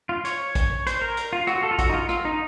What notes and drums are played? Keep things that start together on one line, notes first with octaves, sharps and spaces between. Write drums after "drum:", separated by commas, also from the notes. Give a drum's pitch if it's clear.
F4
C#5, drum: hi-hat
drum: kick A#1, hi-hat
C5, drum: hi-hat
A#4
drum: hi-hat
F4
F#4, drum: rim click
A4
F4
F#4, drum: kick A#1, hi-hat
D#4
F4
F4, drum: rim click
D#4